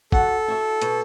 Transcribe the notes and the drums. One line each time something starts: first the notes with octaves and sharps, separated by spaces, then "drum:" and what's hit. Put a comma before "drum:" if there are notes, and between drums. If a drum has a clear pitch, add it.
F#4 A4 F#5, drum: kick G#1
E4 F#4 E5
B2, drum: hi-hat